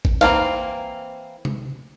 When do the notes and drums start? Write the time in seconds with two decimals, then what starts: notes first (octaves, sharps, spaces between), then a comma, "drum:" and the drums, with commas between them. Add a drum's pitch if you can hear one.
0.05 drum: kick G#1
0.21 E3 A#3 C4 F5, drum: snare
1.45 drum: tom C3